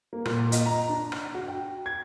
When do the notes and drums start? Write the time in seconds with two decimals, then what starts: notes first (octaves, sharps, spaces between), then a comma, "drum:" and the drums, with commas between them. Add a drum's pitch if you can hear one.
0.13 A#3
0.25 A#2, drum: rim click
0.52 D#5, drum: hi-hat
0.66 A#5
0.89 D4
1.12 drum: rim click
1.34 F#4
1.48 G5
1.86 G#6